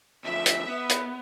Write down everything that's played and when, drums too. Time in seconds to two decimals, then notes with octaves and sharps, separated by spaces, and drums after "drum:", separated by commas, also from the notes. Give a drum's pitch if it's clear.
0.24 D2 F3 E5
0.46 drum: hi-hat
0.68 B3
0.89 drum: hi-hat